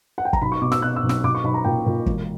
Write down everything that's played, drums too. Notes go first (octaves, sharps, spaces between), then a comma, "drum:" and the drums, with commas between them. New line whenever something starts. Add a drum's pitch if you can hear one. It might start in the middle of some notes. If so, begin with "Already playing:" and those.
F#5
G5
A#5, drum: kick
B1 B5
C#6
B2 D6
E6, drum: snare
B2 F#6
E6
B1
E6, drum: snare
B1 D6
C#6
B1 B5
A#5
A#2 G5
A#2
E1, drum: kick